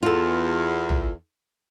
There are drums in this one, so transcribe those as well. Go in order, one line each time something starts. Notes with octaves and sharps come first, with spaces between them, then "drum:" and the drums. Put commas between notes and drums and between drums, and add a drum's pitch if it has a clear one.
E2 F4 A4
drum: tom A#1